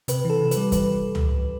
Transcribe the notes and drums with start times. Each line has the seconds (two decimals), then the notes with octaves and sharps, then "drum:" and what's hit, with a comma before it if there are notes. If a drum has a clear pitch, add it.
0.08 C3 B4, drum: hi-hat
0.25 E3
0.30 A4
0.41 C3
0.51 B4, drum: hi-hat
0.57 G3
0.72 E3 B4, drum: kick, hi-hat
1.15 drum: tom C#2